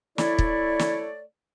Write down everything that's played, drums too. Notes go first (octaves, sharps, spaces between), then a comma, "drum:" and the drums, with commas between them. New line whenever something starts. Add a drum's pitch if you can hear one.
A3 E4 C#5 D5, drum: snare
drum: kick
drum: snare